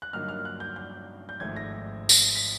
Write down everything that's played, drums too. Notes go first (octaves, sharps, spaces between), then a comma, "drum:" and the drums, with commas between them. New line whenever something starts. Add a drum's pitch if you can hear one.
F#6
G2 D3 F#3 A#3 D#4 F6
F6
F#6
G6
G6
G6
G#1 G#2 F3 A3 G#6
A#6
drum: tambourine
B6